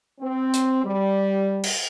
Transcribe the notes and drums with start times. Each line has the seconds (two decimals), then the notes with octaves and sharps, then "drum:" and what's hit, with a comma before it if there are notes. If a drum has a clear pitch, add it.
0.21 C4
0.53 drum: hi-hat
0.84 G3
1.64 drum: cymbal